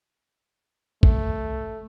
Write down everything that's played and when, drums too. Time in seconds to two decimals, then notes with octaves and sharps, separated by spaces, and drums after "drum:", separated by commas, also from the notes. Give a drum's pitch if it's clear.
1.03 C2 A3, drum: kick